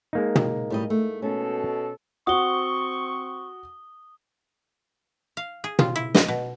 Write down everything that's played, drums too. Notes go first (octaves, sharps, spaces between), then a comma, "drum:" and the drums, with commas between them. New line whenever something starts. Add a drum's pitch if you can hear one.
G#3 A#3 D#4
drum: tom
A2 G3 D#5
A3
B2 C#4 A4
C4 F#4 F#5 C#6 D#6 G7
F5
G#4
F4, drum: tom
E4
D#5, drum: snare
B2